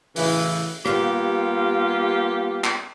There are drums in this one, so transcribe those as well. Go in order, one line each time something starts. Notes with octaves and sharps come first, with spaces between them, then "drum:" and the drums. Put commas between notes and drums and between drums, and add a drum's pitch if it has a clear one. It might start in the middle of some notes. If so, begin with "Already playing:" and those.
A2 C#3 E3, drum: open hi-hat
G3 A#3 B3 F4 G4, drum: rim click
drum: clap